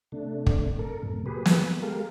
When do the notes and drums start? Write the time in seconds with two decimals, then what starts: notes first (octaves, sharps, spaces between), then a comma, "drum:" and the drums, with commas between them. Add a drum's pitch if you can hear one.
0.12 C3 A3 D4
0.46 drum: kick
0.79 A4 A#4
1.03 F#2 A2 C3
1.26 F#3 A#3 G4 G#4 B4
1.45 drum: snare
1.82 G#3 G4 A4 A#4 F5